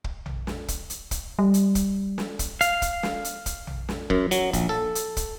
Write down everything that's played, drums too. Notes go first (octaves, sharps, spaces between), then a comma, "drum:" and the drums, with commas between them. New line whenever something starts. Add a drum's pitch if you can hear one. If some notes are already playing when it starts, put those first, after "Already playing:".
drum: kick
drum: tom A#1
drum: snare
drum: kick, hi-hat
drum: hi-hat
drum: kick, hi-hat
G3
drum: hi-hat
drum: kick, hi-hat
drum: snare
drum: kick, hi-hat
F5, drum: hi-hat
drum: kick, hi-hat
drum: snare
drum: hi-hat
drum: kick, hi-hat
drum: tom A#1
drum: snare
F#2, drum: kick
F#3, drum: hi-hat
A#1, drum: kick, hi-hat
A4
drum: hi-hat
drum: kick, hi-hat